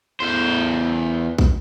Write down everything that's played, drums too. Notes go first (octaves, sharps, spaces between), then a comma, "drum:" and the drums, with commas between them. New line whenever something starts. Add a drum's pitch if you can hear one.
E2 C5
drum: kick